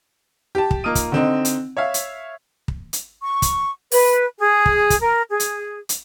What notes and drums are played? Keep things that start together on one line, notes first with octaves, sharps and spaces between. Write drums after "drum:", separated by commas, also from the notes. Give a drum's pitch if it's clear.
G4 A5
drum: kick
A#3 D#4 F4 D#6 D#7
drum: kick, hi-hat
D3 C4 D#4
drum: hi-hat
C#5 E5 F5
drum: hi-hat
drum: kick
drum: hi-hat
C#6
drum: kick, hi-hat
B4, drum: open hi-hat
G#4
drum: kick
drum: kick, hi-hat
A#4
G#4
drum: hi-hat
drum: hi-hat